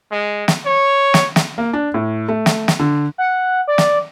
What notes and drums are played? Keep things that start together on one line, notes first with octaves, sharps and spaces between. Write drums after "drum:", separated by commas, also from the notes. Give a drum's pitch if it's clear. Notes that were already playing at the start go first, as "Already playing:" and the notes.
G#3
drum: snare
C#5
drum: snare
drum: snare
A#3
D4
A2
A3
drum: snare
drum: snare
D3
F#5
D5
drum: snare